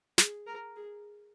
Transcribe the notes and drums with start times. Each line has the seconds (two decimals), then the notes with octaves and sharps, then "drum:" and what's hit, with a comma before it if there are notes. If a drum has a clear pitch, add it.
0.18 G#4, drum: snare
0.47 A#4
0.76 G#4